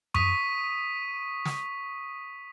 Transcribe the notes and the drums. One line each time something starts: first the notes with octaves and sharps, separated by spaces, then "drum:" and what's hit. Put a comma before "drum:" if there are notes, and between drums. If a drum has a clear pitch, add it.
C#6 D#6 B6 D#7, drum: tom F#2
drum: snare